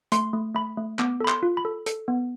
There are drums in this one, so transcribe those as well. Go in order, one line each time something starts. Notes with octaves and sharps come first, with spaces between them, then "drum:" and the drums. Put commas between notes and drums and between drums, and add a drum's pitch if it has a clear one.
A3 C6, drum: hi-hat
A3
A3 B5
A3
B3 D6, drum: clap
A4 B5
C6, drum: clap
F4
B5
A4
A4, drum: hi-hat
B3